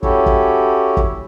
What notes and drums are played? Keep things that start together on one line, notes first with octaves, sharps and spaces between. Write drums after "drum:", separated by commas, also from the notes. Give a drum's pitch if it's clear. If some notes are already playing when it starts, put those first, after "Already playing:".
C#4 E4 F#4 G4 A4 C#5, drum: kick
drum: kick
drum: kick